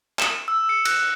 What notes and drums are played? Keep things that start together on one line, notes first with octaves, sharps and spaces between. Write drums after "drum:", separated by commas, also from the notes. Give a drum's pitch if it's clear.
E7, drum: clap
E6
C#7
F#6, drum: cymbal